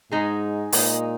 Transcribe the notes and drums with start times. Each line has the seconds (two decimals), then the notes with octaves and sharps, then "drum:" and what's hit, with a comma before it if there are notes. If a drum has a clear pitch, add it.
0.12 G#2 G#3 D#4 G#4
0.72 A#2 G#3 D#4 G#4, drum: open hi-hat